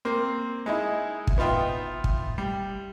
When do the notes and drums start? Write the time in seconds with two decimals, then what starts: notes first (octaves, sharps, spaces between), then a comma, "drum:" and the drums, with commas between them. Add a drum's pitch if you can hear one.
0.05 A#3 C4
0.66 G#3 D#4 E4
1.27 drum: kick
1.38 B3 D#4 F4 E5 G5
2.04 drum: kick
2.38 G3